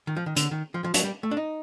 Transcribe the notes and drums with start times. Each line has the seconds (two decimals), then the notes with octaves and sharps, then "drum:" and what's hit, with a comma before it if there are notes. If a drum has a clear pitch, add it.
0.07 D#3
0.16 F3
0.26 D#3
0.36 D3, drum: hi-hat
0.51 D#3
0.74 F3
0.84 F3
0.94 F#3, drum: hi-hat
1.04 G3
1.23 A3
1.31 D4
1.37 D#4